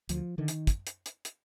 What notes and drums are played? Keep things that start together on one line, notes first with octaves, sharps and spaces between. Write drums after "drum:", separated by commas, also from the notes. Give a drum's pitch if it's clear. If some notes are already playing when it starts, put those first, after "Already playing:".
D2 F3, drum: hi-hat
D3 D#3
drum: hi-hat
drum: kick, hi-hat
drum: hi-hat
drum: hi-hat
drum: hi-hat